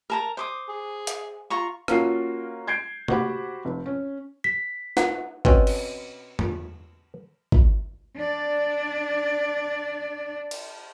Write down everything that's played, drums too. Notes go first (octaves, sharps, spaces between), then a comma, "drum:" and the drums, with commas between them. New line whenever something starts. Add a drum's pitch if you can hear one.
A#4 A5 A#5
C5 D6 D#6
G#4
drum: hi-hat
F4 A#5 C#6
A#3 C#4 F4 F#4 C7, drum: rim click
G6 G#6 C7 D7
F#4 G4 C5 F#5 B5, drum: tom
F1
C#4
B6
F#5, drum: snare
B2 C4 C#4, drum: kick
drum: cymbal
drum: tom E2
drum: kick
D4 D5
drum: cymbal